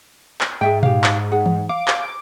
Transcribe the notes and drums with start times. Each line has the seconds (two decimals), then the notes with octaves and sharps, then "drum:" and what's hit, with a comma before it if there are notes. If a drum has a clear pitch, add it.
0.41 drum: clap
0.61 G#2 G#4 E5 G5
0.83 G4 F5, drum: tom A#2
1.04 drum: clap
1.31 G#4 F#5
1.46 drum: tom E3
1.69 F5 D6
1.88 drum: clap